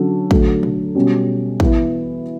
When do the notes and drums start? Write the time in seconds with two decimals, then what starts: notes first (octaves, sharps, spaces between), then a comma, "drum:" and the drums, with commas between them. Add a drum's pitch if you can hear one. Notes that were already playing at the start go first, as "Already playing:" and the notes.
Already playing: D3 F#3 C#4 F#4 A4
0.31 D3 F#3 A3, drum: kick
0.63 drum: tom A#2
0.95 B2 G3 C#4 F#4
1.60 E3 B3 E4, drum: kick